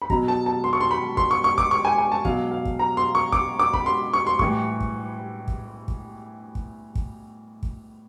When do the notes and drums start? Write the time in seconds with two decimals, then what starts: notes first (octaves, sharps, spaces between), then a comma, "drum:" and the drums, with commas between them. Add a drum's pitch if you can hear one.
0.02 B5
0.10 B2 F#3 A#5, drum: kick
0.28 A5
0.46 A5
0.64 C6
0.73 C#6
0.81 C6
0.91 B5
1.17 C6, drum: kick
1.31 C#6
1.44 C#6
1.58 D6, drum: kick
1.71 C#6
1.85 G#5
1.98 G#5
2.12 A5
2.25 B2 F#3 F5, drum: kick
2.51 F5
2.65 drum: kick
2.79 A#5
2.97 C6
3.15 C#6
3.32 D6, drum: kick
3.59 D6
3.73 B5, drum: kick
3.86 C6
4.13 C#6
4.27 C6
4.39 A2 E3 G3 C#6, drum: kick
4.80 drum: kick
5.48 drum: kick
5.88 drum: kick
6.55 drum: kick
6.95 drum: kick
7.63 drum: kick